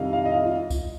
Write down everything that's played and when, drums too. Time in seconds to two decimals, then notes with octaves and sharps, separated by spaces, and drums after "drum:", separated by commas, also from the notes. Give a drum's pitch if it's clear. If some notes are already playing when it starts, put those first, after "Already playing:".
Already playing: F2 C3 D#3 G3 D#5 F5
0.13 F5
0.25 D#5
0.32 F5
0.44 F4
0.70 drum: kick C2, tambourine